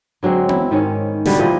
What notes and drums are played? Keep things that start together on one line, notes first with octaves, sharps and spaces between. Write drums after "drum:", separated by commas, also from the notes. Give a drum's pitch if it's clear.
D3 F#3 G#3 C4
E4, drum: tom B3
G#2 D#3 C#4 C#5
B2 D3 G3 B3, drum: snare
A#2 F3 E4 D#5